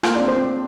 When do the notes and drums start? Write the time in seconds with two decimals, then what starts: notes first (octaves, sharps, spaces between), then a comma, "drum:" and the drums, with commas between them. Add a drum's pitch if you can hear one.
0.03 A#3 F4, drum: rim click
0.15 D4
0.20 C4
0.28 C5
0.37 C4